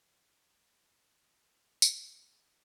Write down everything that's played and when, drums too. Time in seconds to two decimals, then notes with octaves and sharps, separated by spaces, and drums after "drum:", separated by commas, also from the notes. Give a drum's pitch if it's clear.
0.04 F2 D3 F3 G3
0.61 F#3 G#3
0.80 B3
0.89 F2 D3 G#3 A#3
1.13 B3
1.16 G#3 A#3
1.73 G#2 G#3 A#3
1.82 drum: tambourine
1.94 A#3 C4
2.15 B3 C#4
2.35 C4 D4